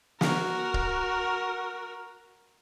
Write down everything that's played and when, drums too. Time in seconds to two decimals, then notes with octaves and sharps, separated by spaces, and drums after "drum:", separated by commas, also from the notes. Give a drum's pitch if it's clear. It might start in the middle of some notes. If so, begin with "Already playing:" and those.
0.21 F#4 A#4, drum: snare
0.74 drum: kick